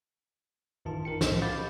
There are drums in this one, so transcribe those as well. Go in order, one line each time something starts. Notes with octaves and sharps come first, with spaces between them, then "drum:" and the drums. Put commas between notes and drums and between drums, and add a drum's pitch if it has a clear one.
A1 F#2 D#3 E4 F4 A5
D#4 A#4 G5 C#7
C2 A2 A4 D#5, drum: snare
F5 F#5 B5 D6 G6 A6
C#4 G4